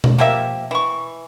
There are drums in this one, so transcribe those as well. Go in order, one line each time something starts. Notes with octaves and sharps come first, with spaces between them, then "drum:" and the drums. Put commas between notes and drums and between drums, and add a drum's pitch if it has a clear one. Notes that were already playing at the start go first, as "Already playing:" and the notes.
drum: tom B2
F3 A#3 G4 E5
E3 C#6